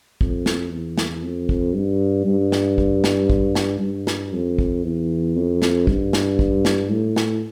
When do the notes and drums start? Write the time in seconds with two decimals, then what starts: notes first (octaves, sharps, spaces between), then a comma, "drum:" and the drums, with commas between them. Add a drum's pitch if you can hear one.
0.21 F2, drum: kick
0.46 drum: snare
0.72 E2
0.98 drum: snare
1.23 F2
1.49 drum: kick
1.74 G2
2.26 G2
2.52 drum: snare
2.78 drum: kick
3.04 drum: snare
3.30 drum: kick
3.55 drum: snare
3.81 G2
4.07 drum: snare
4.33 F2
4.59 drum: kick
4.84 E2
5.36 F2
5.62 drum: snare
5.87 G2, drum: kick
6.13 drum: snare
6.39 drum: kick
6.65 drum: snare
6.90 A2
7.16 drum: snare